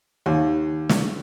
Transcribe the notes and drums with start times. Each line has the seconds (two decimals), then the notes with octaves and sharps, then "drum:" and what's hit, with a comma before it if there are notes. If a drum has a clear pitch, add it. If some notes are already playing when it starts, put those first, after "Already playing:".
0.26 D#2
0.89 drum: snare